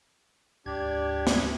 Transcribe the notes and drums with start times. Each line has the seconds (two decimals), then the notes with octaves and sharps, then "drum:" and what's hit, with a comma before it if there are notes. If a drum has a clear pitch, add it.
0.66 D2 G#2 D4 G4 D5 G#6
1.27 drum: snare